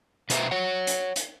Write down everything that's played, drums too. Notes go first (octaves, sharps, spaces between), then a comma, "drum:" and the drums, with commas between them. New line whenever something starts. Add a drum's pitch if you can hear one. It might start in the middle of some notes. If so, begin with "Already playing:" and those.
B2 B4 C5 E5 A5 A#5, drum: hi-hat
C#5 F#5
drum: hi-hat
drum: hi-hat